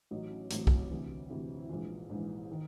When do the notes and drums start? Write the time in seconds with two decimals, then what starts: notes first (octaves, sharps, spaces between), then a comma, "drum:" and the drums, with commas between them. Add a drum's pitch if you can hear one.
0.11 A1 A2 F#3 D#4
0.30 C#4
0.50 A1 A2 F#3 C4, drum: hi-hat
0.67 drum: kick B1
0.90 D2 C3 E3
1.29 D2 C3 E3
1.58 E4
1.69 A#1 G#2 E3 F4
2.10 A#1 G#2 E3
2.52 D#3